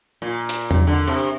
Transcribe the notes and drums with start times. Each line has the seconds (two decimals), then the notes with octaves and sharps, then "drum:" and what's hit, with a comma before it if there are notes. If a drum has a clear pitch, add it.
0.22 A#2
0.49 drum: hi-hat
0.71 drum: tom E2
0.87 D3
1.07 C3